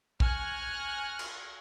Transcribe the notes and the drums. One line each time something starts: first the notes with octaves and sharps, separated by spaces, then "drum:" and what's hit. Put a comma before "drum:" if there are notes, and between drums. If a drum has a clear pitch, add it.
G#5 C#6 F6 F#6 G#6 A#6, drum: kick A#1
drum: cymbal